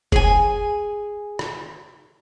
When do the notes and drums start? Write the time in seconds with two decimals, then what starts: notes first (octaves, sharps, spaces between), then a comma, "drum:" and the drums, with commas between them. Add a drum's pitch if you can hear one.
0.12 G#4 G#5, drum: kick F#1
1.39 drum: rim click